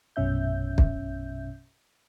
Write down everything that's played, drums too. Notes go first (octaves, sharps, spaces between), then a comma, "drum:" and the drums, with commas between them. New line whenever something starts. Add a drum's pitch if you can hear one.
A#1 F#2 B2 C#4 E5 G6
drum: kick